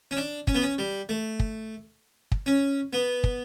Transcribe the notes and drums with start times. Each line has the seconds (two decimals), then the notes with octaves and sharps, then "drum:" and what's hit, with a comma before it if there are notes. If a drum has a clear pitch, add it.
0.11 C#4
0.17 D4
0.47 C#4, drum: kick
0.55 B3
0.62 C#4
0.78 G3
1.09 A3
1.40 drum: kick
2.32 drum: kick
2.46 C#4
2.93 B3
3.24 drum: kick